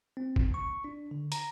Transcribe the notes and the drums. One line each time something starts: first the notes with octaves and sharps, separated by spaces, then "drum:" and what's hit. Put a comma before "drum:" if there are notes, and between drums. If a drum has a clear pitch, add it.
C4
drum: kick
C#6
D4
D3
A#5, drum: hi-hat